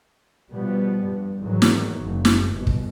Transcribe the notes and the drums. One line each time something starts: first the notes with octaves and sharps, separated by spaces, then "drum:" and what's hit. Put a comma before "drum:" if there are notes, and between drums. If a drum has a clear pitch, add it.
B2 F3 G3 B3
G2
E2 G#2 D#3 F#3
drum: snare
F#1
drum: snare
G1 B2
drum: kick